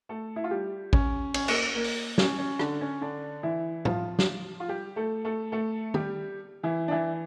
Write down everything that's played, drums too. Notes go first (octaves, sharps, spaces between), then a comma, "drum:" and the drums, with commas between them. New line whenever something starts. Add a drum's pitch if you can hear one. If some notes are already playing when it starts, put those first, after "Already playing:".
A3 A4
E4
F4
G3 G4
C#4, drum: kick
C#4, drum: cymbal
A#3, drum: cymbal
A#3
drum: open hi-hat
C#4, drum: snare
C#4
D3 D4, drum: rim click
C#4
D3 D4
E3 E4
F3 F4, drum: tom A2
drum: snare
F4
G3 G4
A3 A4
A3 A4
A3 A4
G3 G4, drum: tom
E3 E4
D4
E3 E4